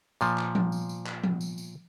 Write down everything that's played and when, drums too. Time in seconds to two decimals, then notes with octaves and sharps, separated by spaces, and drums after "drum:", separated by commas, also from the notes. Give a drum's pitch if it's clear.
0.21 A#2 F3, drum: tambourine
0.38 drum: clap
0.55 drum: tom F3
0.72 drum: tambourine
0.89 drum: tambourine
1.06 drum: clap
1.24 drum: tom F3
1.41 drum: tambourine
1.58 drum: tambourine